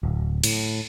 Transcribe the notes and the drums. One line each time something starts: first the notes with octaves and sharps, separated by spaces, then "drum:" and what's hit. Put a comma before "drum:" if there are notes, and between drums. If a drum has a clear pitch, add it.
D1
A2, drum: cymbal